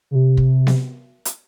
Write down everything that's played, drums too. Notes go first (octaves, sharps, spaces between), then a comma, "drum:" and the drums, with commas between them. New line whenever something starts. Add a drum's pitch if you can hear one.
C#3
C3
drum: kick
drum: snare B3
drum: hi-hat